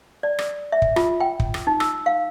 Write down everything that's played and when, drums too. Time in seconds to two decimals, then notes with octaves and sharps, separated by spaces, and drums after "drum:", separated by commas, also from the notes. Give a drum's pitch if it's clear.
0.23 D5
0.39 drum: rim click
0.72 E5
0.82 drum: kick
0.96 F4, drum: rim click
1.20 G5
1.40 drum: kick
1.54 drum: rim click
1.67 D#4
1.80 E6, drum: rim click
2.06 F5